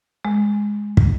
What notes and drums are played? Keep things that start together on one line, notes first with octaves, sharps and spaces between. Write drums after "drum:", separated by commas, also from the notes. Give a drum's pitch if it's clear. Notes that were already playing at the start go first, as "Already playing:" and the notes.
G#3
drum: kick